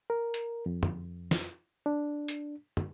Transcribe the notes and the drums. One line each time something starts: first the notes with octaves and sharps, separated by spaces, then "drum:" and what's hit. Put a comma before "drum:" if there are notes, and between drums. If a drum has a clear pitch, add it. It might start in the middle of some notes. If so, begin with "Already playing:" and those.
A#4
drum: hi-hat
F2
drum: tom
drum: snare
D4
drum: hi-hat
drum: tom